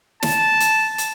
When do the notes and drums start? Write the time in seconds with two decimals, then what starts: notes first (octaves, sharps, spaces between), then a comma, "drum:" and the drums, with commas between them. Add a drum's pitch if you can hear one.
0.23 A5, drum: snare
0.60 drum: hi-hat
0.98 drum: hi-hat